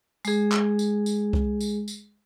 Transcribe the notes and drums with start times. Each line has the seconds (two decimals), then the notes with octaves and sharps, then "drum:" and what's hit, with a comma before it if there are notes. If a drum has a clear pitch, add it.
0.25 G#3 G#4, drum: tambourine
0.52 drum: clap
0.79 drum: tambourine
1.06 drum: tambourine
1.33 drum: kick C2
1.61 drum: tambourine
1.88 drum: tambourine